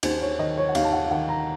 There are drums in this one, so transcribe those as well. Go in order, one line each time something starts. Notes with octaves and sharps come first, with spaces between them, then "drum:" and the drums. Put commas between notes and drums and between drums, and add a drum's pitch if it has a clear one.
D#2 C5, drum: cymbal
C#5
D#3 D#5
C#5
F#5
D#2 F5, drum: cymbal
A5
F#5
F5
D#3 F#5
A#5